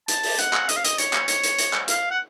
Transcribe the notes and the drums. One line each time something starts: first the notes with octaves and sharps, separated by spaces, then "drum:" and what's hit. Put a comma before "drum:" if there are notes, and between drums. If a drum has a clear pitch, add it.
A5, drum: hi-hat
drum: open hi-hat
F#5, drum: hi-hat
drum: clap
D#5, drum: hi-hat
F5
D#5, drum: hi-hat
C#5, drum: hi-hat
drum: clap
C#5, drum: hi-hat
drum: hi-hat
drum: hi-hat
drum: clap
F5, drum: hi-hat
F#5